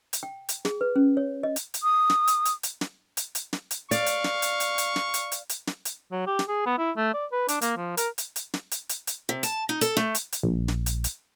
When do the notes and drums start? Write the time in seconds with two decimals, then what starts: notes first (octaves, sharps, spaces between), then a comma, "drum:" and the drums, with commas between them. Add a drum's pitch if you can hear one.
0.13 drum: hi-hat
0.23 G5
0.49 drum: hi-hat
0.65 G#4, drum: snare
0.81 B4
0.96 C#4
1.17 C#5
1.43 D#5
1.56 drum: hi-hat
1.74 drum: hi-hat
1.83 D#6
2.10 drum: snare
2.27 drum: hi-hat
2.45 drum: hi-hat
2.63 drum: hi-hat
2.81 drum: snare
3.17 drum: hi-hat
3.35 drum: hi-hat
3.53 drum: snare
3.71 drum: hi-hat
3.91 D5 F5 C#6, drum: hi-hat
4.06 drum: hi-hat
4.24 drum: snare
4.42 drum: hi-hat
4.60 drum: hi-hat
4.78 drum: hi-hat
4.96 drum: snare
5.14 drum: hi-hat
5.32 drum: hi-hat
5.49 drum: hi-hat
5.67 drum: snare
5.85 drum: hi-hat
6.12 F#3
6.27 G4
6.39 drum: snare
6.48 G#4
6.66 B3
6.78 E4
6.97 A3
7.14 D5
7.32 B4
7.48 D4, drum: hi-hat
7.61 A#3, drum: hi-hat
7.77 F3
7.97 A#4, drum: hi-hat
8.18 drum: hi-hat
8.36 drum: hi-hat
8.54 drum: snare
8.71 drum: hi-hat
8.89 drum: hi-hat
9.07 drum: hi-hat
9.29 C3
9.43 A5, drum: hi-hat
9.69 D#4
9.81 A4, drum: hi-hat
9.97 A3, drum: snare
10.15 drum: hi-hat
10.32 drum: hi-hat
10.43 A#1
10.68 drum: snare
10.86 drum: hi-hat
11.04 drum: hi-hat